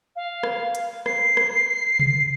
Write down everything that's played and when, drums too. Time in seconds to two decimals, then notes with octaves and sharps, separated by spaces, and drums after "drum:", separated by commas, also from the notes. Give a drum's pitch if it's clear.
0.16 F5
0.43 drum: rim click
0.75 drum: hi-hat
1.06 C7, drum: rim click
1.37 drum: rim click
1.99 drum: tom C3